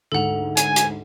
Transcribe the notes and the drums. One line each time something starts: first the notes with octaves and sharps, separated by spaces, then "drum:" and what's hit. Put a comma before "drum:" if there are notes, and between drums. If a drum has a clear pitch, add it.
D2 G#2 A4 F#5 F7
G#5, drum: hi-hat
drum: hi-hat